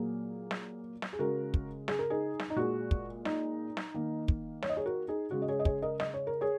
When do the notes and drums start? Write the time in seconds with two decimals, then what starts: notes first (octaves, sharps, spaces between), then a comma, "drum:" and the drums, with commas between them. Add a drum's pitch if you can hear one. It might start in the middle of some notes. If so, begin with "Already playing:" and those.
Already playing: A#2 F#3 A#3 G#4
0.51 drum: snare
1.02 drum: snare
1.13 G#4
1.19 C#3 G#3 F#4 A#4
1.54 drum: kick
1.88 G#4, drum: snare
1.99 A#4
2.10 D#4 G#4
2.40 drum: snare
2.50 D#4
2.56 A#2 G#3 F#4
2.91 drum: kick
3.25 D#4, drum: snare
3.77 drum: snare
3.94 D#3 A#3
4.28 drum: kick
4.63 C#5, drum: snare
4.69 D#5
4.77 G#4 C#5
4.85 F#4 A#4
5.08 D#4 G#4
5.31 C#3 G#3 F#4
5.42 D#5
5.48 G#4 C#5
5.59 D#5
5.65 G#4 C#5, drum: kick
5.82 A#4 D#5
6.00 D#5, drum: snare
6.14 C#5
6.27 A#4
6.41 G#4 C#5